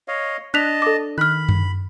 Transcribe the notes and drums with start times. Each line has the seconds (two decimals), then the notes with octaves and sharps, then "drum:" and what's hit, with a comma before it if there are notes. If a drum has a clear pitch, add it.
0.08 C#5 D#5 F5
0.54 D4 D#5 A5 F#6 B6 F7
0.82 A4 D6
1.18 D#3 B5 F6 F#6
1.49 drum: tom F#2